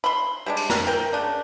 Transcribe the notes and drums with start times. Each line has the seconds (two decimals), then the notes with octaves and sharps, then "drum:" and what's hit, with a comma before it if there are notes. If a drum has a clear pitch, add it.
0.04 B5 C6
0.46 G3 G#3 D4
0.57 drum: cymbal
0.70 A#5, drum: snare
0.87 A#4 G5
1.13 C#3 D4